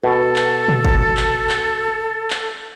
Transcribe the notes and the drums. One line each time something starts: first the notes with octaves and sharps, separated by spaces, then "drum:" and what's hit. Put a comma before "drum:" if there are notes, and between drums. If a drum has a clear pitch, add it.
B2 A4
drum: clap
drum: tom
drum: kick
drum: clap
drum: clap
drum: clap